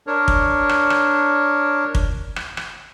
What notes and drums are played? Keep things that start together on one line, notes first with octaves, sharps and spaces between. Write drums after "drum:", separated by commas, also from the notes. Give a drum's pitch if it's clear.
D4 A#4 C#5
drum: kick
drum: rim click
drum: rim click
drum: kick
drum: rim click
drum: rim click